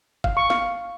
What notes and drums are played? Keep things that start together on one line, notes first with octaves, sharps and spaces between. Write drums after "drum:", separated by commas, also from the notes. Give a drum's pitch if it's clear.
F5, drum: kick
C#6
F5, drum: snare